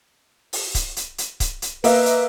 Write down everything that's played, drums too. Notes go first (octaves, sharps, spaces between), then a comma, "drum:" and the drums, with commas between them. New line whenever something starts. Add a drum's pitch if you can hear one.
drum: open hi-hat
drum: kick C#1, hi-hat
drum: hi-hat
drum: hi-hat
drum: kick C#1, hi-hat
drum: hi-hat
A#3 B4 D#5 E5, drum: open hi-hat
drum: hi-hat